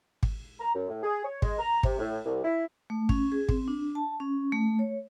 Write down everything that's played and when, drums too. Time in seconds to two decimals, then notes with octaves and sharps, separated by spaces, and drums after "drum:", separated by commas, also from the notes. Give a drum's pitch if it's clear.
0.23 drum: kick G#1
0.59 A#5
0.74 F#2
0.89 A2
1.03 G#4
1.24 C#5
1.42 G#3, drum: kick G#1
1.58 A#5
1.83 C3, drum: kick G#1
1.99 A2
2.24 C2
2.44 E4
2.90 A3
3.09 C#4, drum: kick G#1
3.32 G#4
3.49 C4, drum: kick G#1
3.68 D4
3.95 A5
4.20 C#4
4.52 A3
4.79 C#5